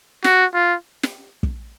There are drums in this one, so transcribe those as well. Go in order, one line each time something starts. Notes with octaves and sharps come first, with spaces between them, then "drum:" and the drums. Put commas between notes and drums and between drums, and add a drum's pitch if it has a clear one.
F#4, drum: snare
F4
drum: snare
drum: kick